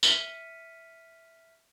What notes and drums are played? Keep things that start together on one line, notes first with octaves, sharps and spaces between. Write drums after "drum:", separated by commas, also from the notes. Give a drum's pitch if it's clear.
E5 F6 B6 C#7 D#7, drum: tambourine